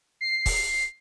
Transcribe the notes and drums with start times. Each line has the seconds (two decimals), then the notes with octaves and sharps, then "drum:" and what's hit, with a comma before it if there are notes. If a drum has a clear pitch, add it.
0.21 C7
0.46 drum: kick, open hi-hat